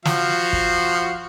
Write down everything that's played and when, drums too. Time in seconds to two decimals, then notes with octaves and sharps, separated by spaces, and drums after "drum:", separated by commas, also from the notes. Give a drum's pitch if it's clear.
0.05 F3 F#4 F5, drum: snare
0.53 drum: kick